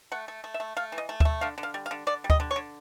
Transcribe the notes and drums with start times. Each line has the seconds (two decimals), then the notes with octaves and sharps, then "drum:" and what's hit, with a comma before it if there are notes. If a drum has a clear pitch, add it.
0.12 A3 F#5
0.28 A3
0.44 A3
0.54 E5
0.60 A3
0.77 A3 F5
0.92 E3
0.98 D#5
1.09 A3
1.20 E5, drum: kick D2
1.25 A3
1.41 D3 F5
1.58 D3
1.63 F5
1.74 G3
1.86 F5
1.91 D3
2.07 D3 D5
2.24 G3
2.30 D#5, drum: kick D2
2.40 D3
2.51 C#5
2.56 D3